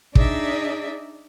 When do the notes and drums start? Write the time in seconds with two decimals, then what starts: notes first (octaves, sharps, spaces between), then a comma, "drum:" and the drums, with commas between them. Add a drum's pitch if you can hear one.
0.15 D4 D#4 G#4 D5 E5, drum: kick